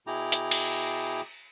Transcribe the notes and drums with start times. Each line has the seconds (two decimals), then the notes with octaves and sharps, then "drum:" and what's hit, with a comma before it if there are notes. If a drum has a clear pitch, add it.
0.07 B2 E4 G#4 G5 A#5 D6
0.32 drum: hi-hat
0.51 drum: cymbal